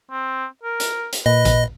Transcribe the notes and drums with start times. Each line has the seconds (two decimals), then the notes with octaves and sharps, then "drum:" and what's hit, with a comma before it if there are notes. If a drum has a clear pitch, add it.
0.11 C4
0.63 A#4
0.80 drum: hi-hat
1.12 drum: hi-hat
1.26 A#2 B4 D#5
1.45 drum: kick A1, hi-hat